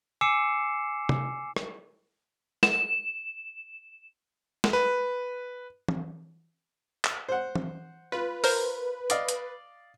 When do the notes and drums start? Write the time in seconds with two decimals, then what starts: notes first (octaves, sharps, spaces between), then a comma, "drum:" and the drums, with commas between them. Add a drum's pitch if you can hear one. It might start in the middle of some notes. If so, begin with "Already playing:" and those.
0.21 G#5 D6 E6 C7 C#7 E7
1.09 drum: tom C3
1.56 drum: rim click
2.63 E7, drum: snare
4.64 drum: snare
4.73 B4
5.88 drum: tom E3
7.04 drum: clap
7.28 C5 F#5
7.55 drum: tom E3
8.12 F4 B4
8.44 A#4 C5, drum: open hi-hat
9.10 D5 D#5 F5, drum: hi-hat
9.28 drum: hi-hat